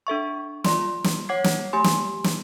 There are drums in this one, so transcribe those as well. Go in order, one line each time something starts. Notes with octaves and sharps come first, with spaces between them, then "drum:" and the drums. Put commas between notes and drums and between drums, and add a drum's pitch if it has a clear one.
D4 A4 E5 C#6
F4 D5 C6, drum: snare
drum: snare
C#5 F#5 D6 G#6 C7
drum: snare
A3 G4 G#5 C6
drum: snare
drum: snare